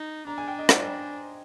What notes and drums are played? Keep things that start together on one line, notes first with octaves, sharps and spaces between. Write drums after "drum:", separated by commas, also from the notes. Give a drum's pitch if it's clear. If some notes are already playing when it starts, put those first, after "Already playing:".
Already playing: D#4
D4 A#5
G#5
G5
D#5
C5, drum: rim click